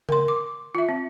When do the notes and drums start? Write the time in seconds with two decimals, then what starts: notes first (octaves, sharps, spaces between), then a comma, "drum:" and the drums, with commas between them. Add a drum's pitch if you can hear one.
0.09 A#4 C6, drum: tom C#3
0.28 D6
0.75 F4 E5
0.89 C4